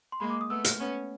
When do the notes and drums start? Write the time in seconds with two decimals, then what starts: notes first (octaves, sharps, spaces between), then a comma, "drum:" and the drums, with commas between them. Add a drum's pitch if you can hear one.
0.12 C6
0.20 G#3 A#3 B5
0.30 D6
0.41 D#6
0.50 A3 B3 E6
0.64 F6, drum: hi-hat
0.80 B3 C#4